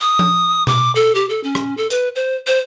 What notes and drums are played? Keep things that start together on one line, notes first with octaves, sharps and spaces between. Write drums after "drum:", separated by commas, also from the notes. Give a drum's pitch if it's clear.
D#6
drum: tom F3
D6, drum: tom B2
A4
G4
A4
C#4
drum: rim click
A4
B4, drum: hi-hat
C5
C5